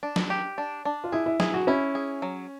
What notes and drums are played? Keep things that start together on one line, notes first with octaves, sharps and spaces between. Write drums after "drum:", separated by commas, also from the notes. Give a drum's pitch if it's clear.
D4
drum: snare
G4
D4
D4
F4
E4 G#4
E4
E4 G#4, drum: snare
F#4
C#4 E4
G#4
F#3